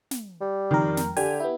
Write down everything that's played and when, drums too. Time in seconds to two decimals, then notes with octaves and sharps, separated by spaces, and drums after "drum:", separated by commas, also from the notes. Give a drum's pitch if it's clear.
0.11 drum: snare
0.41 G3
0.71 F2 D#3 A#4
0.97 drum: snare
1.17 D3 G4 G#5, drum: open hi-hat
1.40 B3 E4